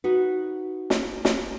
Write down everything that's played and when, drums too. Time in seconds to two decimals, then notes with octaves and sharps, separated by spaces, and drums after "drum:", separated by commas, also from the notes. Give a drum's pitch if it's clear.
0.04 D#4 F#4 B4
0.90 drum: snare
1.25 drum: snare